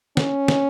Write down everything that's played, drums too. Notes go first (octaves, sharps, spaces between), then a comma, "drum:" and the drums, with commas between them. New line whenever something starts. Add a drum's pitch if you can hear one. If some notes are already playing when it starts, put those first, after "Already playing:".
C#4, drum: snare
drum: snare